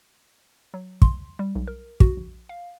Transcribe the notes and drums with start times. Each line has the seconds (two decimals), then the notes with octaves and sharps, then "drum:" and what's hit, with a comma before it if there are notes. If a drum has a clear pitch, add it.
0.74 F#3
1.02 C6, drum: kick
1.39 G3
1.56 B1
1.67 A#4
2.00 F#4, drum: kick
2.17 A#1
2.49 F5